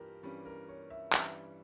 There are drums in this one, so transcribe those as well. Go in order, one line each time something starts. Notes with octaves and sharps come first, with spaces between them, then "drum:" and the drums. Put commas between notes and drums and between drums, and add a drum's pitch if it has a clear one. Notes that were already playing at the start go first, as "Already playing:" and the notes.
Already playing: G2 E3 G3 F4 G4 A#4
G2 E3 G3 C#4
A#4
C#5
E5
G2 E3 G3 C#4 E5, drum: clap